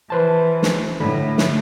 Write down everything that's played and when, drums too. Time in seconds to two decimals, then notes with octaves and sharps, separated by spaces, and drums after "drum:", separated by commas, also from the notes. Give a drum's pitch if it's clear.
0.10 E3 B4 C5 A5
0.63 drum: snare
1.00 A2 D3 A3 B5
1.38 drum: snare